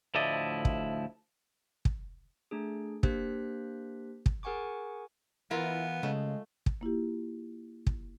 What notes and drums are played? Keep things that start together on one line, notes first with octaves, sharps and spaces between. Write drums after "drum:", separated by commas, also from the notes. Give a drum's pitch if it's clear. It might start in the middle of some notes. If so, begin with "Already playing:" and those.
D2 A2 F3 E4 D5 D#5
drum: kick
drum: kick
A3 D4 G#4
A#3 D4 G4 C5 F#6 B6, drum: kick
drum: kick
G#4 A#4 F#5 G#5 C#6 D6
E3 B3 E4 F4 A#4
C#3 G#3 A3
drum: kick
A#3 E4 F4 G4
drum: kick